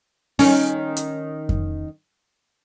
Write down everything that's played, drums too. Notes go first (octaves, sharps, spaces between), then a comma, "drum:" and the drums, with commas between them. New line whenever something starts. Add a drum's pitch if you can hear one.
D#3 C#4, drum: open hi-hat
drum: hi-hat
drum: kick F2